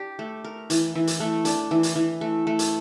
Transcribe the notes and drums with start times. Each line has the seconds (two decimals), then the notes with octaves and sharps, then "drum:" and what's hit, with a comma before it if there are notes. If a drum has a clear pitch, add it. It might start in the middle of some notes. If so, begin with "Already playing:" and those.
Already playing: D4 G4
0.19 A3
0.44 A#4
0.70 E3, drum: hi-hat
0.95 E3
1.07 drum: hi-hat
1.20 A3
1.45 D4, drum: hi-hat
1.71 E3
1.83 drum: hi-hat
1.96 E3
2.21 A3
2.47 A3
2.59 drum: hi-hat